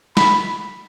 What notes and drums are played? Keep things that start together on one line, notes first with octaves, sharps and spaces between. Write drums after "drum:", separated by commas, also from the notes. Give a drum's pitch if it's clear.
B5, drum: snare